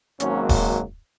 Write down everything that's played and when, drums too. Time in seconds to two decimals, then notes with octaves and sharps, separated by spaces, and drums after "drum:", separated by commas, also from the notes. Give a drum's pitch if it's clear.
0.20 G#1 G#2 F#3 A#3 C#4, drum: hi-hat
0.49 drum: kick D#1, open hi-hat